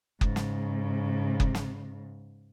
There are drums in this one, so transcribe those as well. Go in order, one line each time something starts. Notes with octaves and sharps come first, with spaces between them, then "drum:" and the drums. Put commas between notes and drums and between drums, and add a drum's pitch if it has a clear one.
G#2 C#3, drum: kick F#1
drum: snare
drum: kick F#1
drum: snare